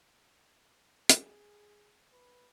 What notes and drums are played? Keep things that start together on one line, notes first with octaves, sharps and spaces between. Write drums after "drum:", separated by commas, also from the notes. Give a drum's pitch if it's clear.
G#4, drum: hi-hat
B4